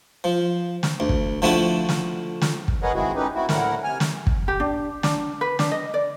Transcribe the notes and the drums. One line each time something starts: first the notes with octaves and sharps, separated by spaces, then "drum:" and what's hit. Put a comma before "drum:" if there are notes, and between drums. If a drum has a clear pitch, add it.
F3
drum: snare
D2
drum: kick
D3 F3 A3 E4 F#4 A4
drum: snare
drum: snare
drum: kick
G#4 A#4 B4 C#5 D#5 F#5
D#3 G#3 C4 E4 F#4 G#4
G#3 A3 C#4 D#4 G4 B4
A3 C4 E4 F#4
D2 A2 D3 E4 A#4 F#5, drum: snare
C3 G#5 F6
drum: snare
drum: kick
G4
D4
D4, drum: snare
B4
D4, drum: snare
D#5
D5